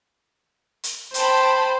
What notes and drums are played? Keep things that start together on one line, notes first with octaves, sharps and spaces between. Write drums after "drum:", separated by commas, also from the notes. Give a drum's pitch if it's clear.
drum: hi-hat
C5 G5 A5 B5, drum: hi-hat